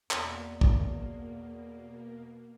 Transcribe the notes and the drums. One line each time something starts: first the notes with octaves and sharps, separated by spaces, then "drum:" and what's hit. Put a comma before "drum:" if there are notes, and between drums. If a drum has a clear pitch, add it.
E2 B2 A#3, drum: clap
drum: kick